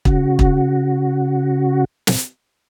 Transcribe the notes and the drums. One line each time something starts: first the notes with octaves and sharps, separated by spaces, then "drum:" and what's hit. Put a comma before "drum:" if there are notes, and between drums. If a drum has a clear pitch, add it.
C#3 F#4, drum: kick
drum: kick
drum: snare